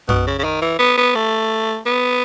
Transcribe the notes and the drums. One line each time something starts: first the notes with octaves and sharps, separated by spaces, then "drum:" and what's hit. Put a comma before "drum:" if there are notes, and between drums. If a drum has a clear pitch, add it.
B2, drum: tom F#2
C#3
C#3
D#3
E3
B3
B3
A3
B3